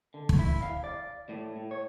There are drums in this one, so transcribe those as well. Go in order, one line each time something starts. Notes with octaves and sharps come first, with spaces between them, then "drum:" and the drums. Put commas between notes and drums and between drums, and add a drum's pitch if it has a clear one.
D3
drum: kick
E4
F5
D5
A2
A2
C#5